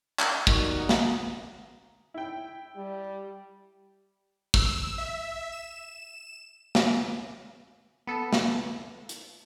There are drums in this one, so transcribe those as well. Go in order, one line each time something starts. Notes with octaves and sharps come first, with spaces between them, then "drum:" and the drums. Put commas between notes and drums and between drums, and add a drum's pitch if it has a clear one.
drum: clap
B3 D#4 F#4 G4 A#4 D5, drum: kick
F#5 A#5 D#6
drum: snare
E4 G5
G3
E6, drum: kick
E5
E7
drum: snare
B3 A4
drum: snare
drum: hi-hat